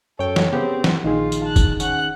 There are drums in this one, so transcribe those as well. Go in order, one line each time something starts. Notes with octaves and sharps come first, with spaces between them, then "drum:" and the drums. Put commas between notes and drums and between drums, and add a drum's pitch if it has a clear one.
F#2 A4 C#5 G5
drum: snare
C#3 B3 C4 G4
drum: snare
A#1 D#3 D#4 F4 G#4
drum: tambourine
A5 F#6
drum: kick, tambourine
C#4 F#5 F#6, drum: tambourine